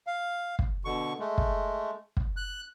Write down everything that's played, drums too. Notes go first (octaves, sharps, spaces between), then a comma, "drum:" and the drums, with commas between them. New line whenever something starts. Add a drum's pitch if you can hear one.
F5
drum: kick
B2 D3 C#6
G#3 A3
drum: kick
drum: kick
F#6